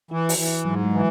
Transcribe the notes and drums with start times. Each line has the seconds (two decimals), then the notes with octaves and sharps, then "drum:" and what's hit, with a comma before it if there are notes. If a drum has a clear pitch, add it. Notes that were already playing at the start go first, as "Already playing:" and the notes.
0.11 E3 E4
0.29 F#4, drum: open hi-hat
0.38 E3
0.47 E4
0.65 G#2 F#3
0.83 G#3
0.93 E3